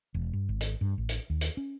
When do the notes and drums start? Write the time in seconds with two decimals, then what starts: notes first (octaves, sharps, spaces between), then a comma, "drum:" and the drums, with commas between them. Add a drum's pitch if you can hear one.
0.14 E1
0.33 G2
0.49 G#1
0.61 drum: hi-hat
0.81 G2
0.98 A1
1.09 drum: hi-hat
1.30 D#2
1.41 drum: hi-hat
1.57 C#4